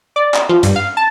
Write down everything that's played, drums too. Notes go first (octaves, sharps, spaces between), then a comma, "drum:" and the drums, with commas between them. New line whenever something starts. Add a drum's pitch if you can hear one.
D5
drum: clap
F3
G2, drum: hi-hat
F5
A5